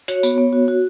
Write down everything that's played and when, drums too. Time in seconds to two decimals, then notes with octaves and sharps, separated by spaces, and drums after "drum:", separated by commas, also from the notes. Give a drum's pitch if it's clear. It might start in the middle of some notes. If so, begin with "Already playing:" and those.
0.08 F#4 C#5, drum: hi-hat
0.23 B3, drum: tambourine
0.38 B3
0.53 F#4
0.68 F#4